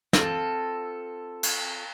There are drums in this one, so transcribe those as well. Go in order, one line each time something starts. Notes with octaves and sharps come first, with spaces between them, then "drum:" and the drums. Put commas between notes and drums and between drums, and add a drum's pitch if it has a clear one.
C4 F4 A4, drum: snare
drum: cymbal